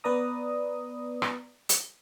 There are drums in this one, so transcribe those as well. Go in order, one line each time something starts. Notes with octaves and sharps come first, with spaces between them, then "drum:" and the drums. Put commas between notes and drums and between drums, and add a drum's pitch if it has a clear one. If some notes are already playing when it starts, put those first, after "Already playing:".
B3 B4 D5 A#5 D#6
drum: rim click
drum: hi-hat